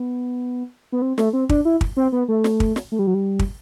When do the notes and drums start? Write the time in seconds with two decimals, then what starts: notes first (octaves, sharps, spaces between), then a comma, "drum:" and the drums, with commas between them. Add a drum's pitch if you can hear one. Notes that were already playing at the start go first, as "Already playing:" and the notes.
Already playing: B3
0.92 B3
1.02 C4
1.18 A3, drum: snare
1.33 C4
1.49 D4, drum: kick
1.65 E4
1.81 drum: kick
1.97 C4
2.12 B3
2.28 A3
2.44 drum: snare
2.60 drum: kick
2.76 drum: snare
2.92 A3
2.99 G3
3.07 F#3
3.14 G3
3.39 drum: kick